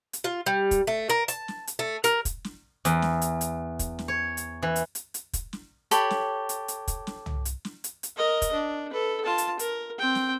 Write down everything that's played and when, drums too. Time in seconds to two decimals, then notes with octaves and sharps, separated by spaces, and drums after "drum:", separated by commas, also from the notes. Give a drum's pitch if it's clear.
0.13 drum: hi-hat
0.24 F4
0.46 G3
0.71 drum: kick, hi-hat
0.87 A3
1.10 A#4
1.28 A5, drum: hi-hat
1.48 drum: snare
1.67 drum: hi-hat
1.79 A3
2.04 A#4, drum: hi-hat
2.25 drum: kick, hi-hat
2.44 drum: snare
2.85 E2, drum: hi-hat
3.02 drum: snare
3.22 drum: hi-hat
3.41 drum: hi-hat
3.79 drum: kick, hi-hat
3.99 drum: snare
4.08 C#5
4.37 drum: hi-hat
4.62 E3
4.76 drum: hi-hat
4.95 drum: hi-hat
5.14 drum: hi-hat
5.33 drum: kick, hi-hat
5.53 drum: snare
5.91 G4 A4 C#5 B5, drum: hi-hat
6.10 drum: snare
6.49 drum: hi-hat
6.68 drum: hi-hat
6.88 drum: kick, hi-hat
7.07 drum: snare
7.26 drum: tom
7.45 drum: hi-hat
7.65 drum: snare
7.84 drum: hi-hat
8.03 drum: hi-hat
8.16 A#4 D#5
8.42 drum: kick, hi-hat
8.53 D4
8.91 A4 B4
9.25 F4 A5
9.38 drum: hi-hat
9.59 A#4, drum: hi-hat
9.99 C4 G5
10.15 drum: snare